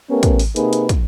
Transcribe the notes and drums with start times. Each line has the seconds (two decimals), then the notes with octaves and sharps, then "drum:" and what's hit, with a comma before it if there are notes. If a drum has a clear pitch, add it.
0.10 A3 B3 C#4 G4 A#4
0.23 drum: kick, hi-hat
0.39 drum: open hi-hat
0.56 C3 A#3 D#4 G#4 B4, drum: hi-hat
0.73 drum: hi-hat
0.89 drum: kick, hi-hat